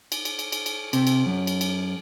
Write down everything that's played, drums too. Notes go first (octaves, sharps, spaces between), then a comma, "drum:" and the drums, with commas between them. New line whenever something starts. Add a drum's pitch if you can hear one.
drum: cymbal
drum: cymbal
drum: cymbal
drum: cymbal
drum: cymbal
C3, drum: cymbal
drum: cymbal
F#2
drum: cymbal
drum: cymbal